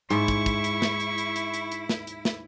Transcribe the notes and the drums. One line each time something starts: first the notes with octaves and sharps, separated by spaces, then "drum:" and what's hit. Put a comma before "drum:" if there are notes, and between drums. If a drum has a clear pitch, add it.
G#2 E4 C#6, drum: hi-hat
drum: kick, hi-hat
drum: kick, hi-hat
drum: hi-hat
drum: snare
drum: hi-hat
drum: hi-hat
drum: hi-hat
drum: hi-hat
drum: hi-hat
drum: snare
drum: hi-hat
drum: snare